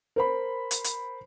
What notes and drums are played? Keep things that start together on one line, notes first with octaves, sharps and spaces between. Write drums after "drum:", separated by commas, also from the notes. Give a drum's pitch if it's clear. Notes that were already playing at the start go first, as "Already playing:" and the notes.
A#4 C5 B5
drum: hi-hat
drum: hi-hat